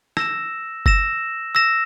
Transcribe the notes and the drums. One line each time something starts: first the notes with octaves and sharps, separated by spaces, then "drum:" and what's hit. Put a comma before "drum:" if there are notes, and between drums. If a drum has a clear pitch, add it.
E6 A#6 E7, drum: rim click
E6 A#6 E7, drum: kick F#1
E6 A#6 E7